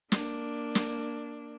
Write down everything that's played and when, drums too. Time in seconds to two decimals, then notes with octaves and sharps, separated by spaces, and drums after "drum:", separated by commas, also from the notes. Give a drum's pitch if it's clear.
0.12 A#3 D4, drum: snare
0.75 drum: snare